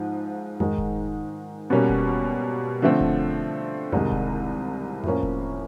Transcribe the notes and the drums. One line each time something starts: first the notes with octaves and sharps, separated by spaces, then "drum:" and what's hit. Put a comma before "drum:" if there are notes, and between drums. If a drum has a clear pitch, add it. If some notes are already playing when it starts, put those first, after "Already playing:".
Already playing: G#2 F3 G#3
G#2 D#3 G#3, drum: tom F2
drum: kick E1
B2 G3 A#3 C#4
drum: kick E1
D3 F3 A3 C4
drum: kick E1
C2 C3 D#3 G#3, drum: tom F2
drum: kick E1
A2 F3 A#3 C#4, drum: tom F2
drum: kick E1